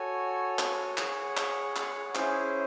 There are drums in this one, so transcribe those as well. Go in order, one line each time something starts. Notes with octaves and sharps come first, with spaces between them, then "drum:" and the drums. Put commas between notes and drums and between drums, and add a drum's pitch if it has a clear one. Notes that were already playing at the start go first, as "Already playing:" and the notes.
Already playing: F#4 A4 C#5 G#5
drum: clap
G#4 C#5 F#5, drum: clap
drum: clap
drum: clap
C#4 E4 G#4 C5, drum: clap